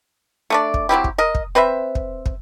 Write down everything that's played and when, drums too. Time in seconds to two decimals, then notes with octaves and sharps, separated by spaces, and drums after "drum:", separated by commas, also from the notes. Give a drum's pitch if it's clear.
0.50 A3 D4 D5
0.74 drum: kick
0.89 F#3 C4 E4 G4
1.04 drum: kick
1.18 A#4 D#5
1.35 drum: kick
1.55 C4 B4 C5 E5
1.95 drum: kick
2.26 drum: kick